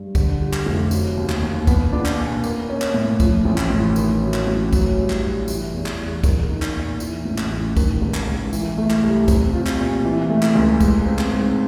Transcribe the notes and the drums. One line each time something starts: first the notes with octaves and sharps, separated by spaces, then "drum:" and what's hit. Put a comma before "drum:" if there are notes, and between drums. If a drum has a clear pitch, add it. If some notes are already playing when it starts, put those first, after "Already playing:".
Already playing: G2
D3, drum: kick, tambourine
G3
drum: clap
F1
F#3, drum: tambourine
D#2
drum: clap
D#2
B3, drum: kick, tambourine
D4
drum: clap
A#2
A#3, drum: tambourine
C#4
drum: clap
A2
F3, drum: kick, tambourine
A1
drum: clap
A1
D#3, drum: tambourine
F#3
drum: clap
A1
F#3, drum: kick, tambourine
G2
drum: clap
G2
E3, drum: tambourine
E2
drum: clap
E2
A#3, drum: kick, tambourine
D#4
drum: clap
A#2
E3, drum: tambourine
A1
drum: clap
A1
D#3, drum: kick, tambourine
C#2
drum: clap
C#2
E3, drum: tambourine
A3
drum: clap
C2
C4, drum: kick, tambourine
F4
drum: clap
A#2
E3
A3
drum: clap
C#2
G#3, drum: kick, tambourine
C4
drum: clap
G#2